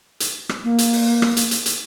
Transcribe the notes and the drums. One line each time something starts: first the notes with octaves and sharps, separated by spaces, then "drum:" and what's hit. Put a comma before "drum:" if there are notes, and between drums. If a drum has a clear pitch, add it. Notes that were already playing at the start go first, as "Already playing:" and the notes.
drum: hi-hat
drum: rim click
A#3
drum: hi-hat
drum: open hi-hat
drum: rim click
drum: hi-hat
drum: hi-hat
drum: hi-hat